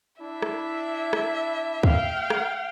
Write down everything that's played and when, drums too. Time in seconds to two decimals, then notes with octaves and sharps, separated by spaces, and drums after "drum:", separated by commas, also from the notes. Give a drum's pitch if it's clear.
0.21 D4 E4 E5
0.42 drum: rim click
1.13 drum: rim click
1.83 F5 G5, drum: kick
2.30 drum: rim click